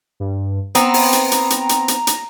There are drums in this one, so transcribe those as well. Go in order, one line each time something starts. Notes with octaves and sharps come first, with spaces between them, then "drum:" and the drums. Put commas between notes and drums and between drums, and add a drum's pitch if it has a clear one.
G2
B3 C4 A#5, drum: hi-hat
drum: open hi-hat
drum: hi-hat
drum: hi-hat
drum: hi-hat
drum: hi-hat
drum: hi-hat
drum: hi-hat